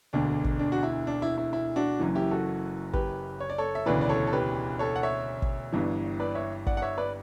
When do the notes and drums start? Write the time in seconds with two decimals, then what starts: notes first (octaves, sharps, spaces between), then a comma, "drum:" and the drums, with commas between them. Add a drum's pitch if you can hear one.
0.13 E1 D2 D3 D4
0.44 drum: kick
0.59 D4
0.72 F#4
0.83 E4
1.07 D4
1.22 E4
1.38 E4
1.53 E4
1.76 D4 F#4
2.00 F#1 F#2 E3
2.15 E4 G4
2.31 F#4 A4
2.93 G4 B4, drum: kick
3.40 C#5
3.50 D5
3.58 A4 C#5
3.75 E5
3.86 E1 D2 C#3 E3 B4 D5
4.01 D5
4.09 A4 C#5
4.27 A4
4.33 G4 B4
4.79 A4 C#5
4.96 F#5
5.03 C#5 E5
5.42 drum: kick
5.73 G1 G2 E3
6.20 B4 D5
6.35 C#5 E5
6.66 D5 F#5, drum: kick
6.77 F#5
6.82 C#5 E5
6.98 B4 D5